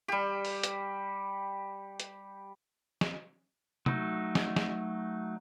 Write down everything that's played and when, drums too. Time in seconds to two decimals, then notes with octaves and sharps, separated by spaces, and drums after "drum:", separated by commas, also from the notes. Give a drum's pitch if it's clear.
0.08 G3 G4
0.45 drum: open hi-hat
0.63 drum: hi-hat
2.00 drum: hi-hat
3.01 drum: snare
3.86 F#3 A3 D#4, drum: tom C3
4.35 drum: snare
4.56 drum: snare